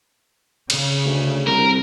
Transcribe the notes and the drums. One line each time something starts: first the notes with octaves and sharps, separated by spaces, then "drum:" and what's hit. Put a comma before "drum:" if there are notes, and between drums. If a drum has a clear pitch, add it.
C#3, drum: cymbal
D2
C2 A#4